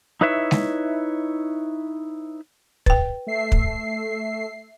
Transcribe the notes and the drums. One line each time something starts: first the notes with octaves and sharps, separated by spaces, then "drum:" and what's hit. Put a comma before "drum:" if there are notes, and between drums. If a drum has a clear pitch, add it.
D#4 E4 B4 C#5 E5
drum: snare G#3
B4 G5, drum: kick
A3 E5 C7
drum: kick